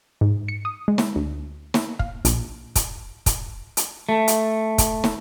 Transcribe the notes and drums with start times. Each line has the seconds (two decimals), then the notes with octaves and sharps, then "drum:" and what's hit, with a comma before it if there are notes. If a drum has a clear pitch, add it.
0.21 G#2
0.48 C#7
0.65 D#6
0.88 G#3
0.98 drum: snare
1.16 D2
1.74 drum: snare
1.99 F5, drum: kick
2.25 A#1, drum: hi-hat
2.75 drum: kick, hi-hat
3.26 drum: kick, hi-hat
3.77 drum: hi-hat
4.09 A3
4.28 drum: hi-hat
4.78 drum: kick, hi-hat
5.04 drum: snare